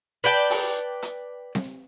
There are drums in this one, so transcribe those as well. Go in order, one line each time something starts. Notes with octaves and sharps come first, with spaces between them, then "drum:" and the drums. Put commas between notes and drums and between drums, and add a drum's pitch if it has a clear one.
B4 D5 G5 A5
drum: open hi-hat
drum: hi-hat
drum: snare C4